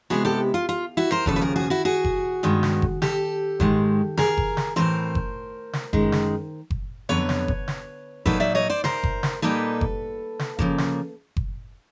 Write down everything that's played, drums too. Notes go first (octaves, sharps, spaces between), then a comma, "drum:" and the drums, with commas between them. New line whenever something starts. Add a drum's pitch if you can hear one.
C3 F3 G#3 B3 E4 F#4 G#4
G4 A4
F4
F4
E4 F#4
A#4 C5
D#2 C#3 F3 A4 B4, drum: kick F#1
B4
G#4 A#4
F#4 G#4
E4 F#4
F#4 G#4
drum: kick F#1
G2 D#3 G#3 B3
drum: snare
drum: kick F#1
G4 A4, drum: snare
G#2 D#3 G#3, drum: kick F#1
G#4 A#4, drum: snare
drum: kick F#1
drum: snare
A2 E3 A3 C4 A#4 C5
drum: kick F#1
drum: snare
F#2 D#3 G#3, drum: kick F#1
drum: snare
drum: kick F#1
F2 D3 F#3 B3 B4 C#5
drum: snare
drum: kick F#1
drum: snare
A#2 F#3 A#3 D#4 A4 B4, drum: kick F#1
D5 E5
C#5 D#5
C5 D5
A#4 C5, drum: snare
drum: kick F#1
drum: snare
A#2 G3 A#3 D#4 A4 B4
drum: kick F#1
drum: snare
C#3 F3 A#3, drum: kick F#1
drum: snare
drum: kick F#1